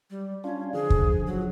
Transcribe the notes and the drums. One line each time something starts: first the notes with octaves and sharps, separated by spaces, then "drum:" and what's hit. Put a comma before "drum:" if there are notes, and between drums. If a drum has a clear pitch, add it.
G3
C#4 D4 F4
D3 F3 G#4
drum: kick
F#3